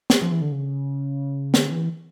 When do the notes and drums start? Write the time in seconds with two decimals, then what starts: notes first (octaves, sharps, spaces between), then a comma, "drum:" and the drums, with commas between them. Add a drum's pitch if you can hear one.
0.10 drum: snare
0.22 F3
0.32 E3
0.41 D3
0.52 C#3
1.54 D3, drum: snare
1.71 E3